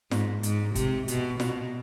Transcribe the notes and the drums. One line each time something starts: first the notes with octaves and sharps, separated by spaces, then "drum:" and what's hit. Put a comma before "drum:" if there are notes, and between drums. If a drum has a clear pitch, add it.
G#2, drum: snare
G#2, drum: hi-hat
C3, drum: kick, hi-hat
B2, drum: hi-hat
B2, drum: snare